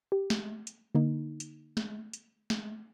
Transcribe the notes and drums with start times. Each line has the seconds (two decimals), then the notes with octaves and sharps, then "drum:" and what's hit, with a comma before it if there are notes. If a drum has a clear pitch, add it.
0.12 G4
0.30 drum: snare
0.67 drum: hi-hat
0.95 D3 A#3 D#4
1.40 drum: hi-hat
1.77 drum: snare
2.13 drum: hi-hat
2.50 drum: snare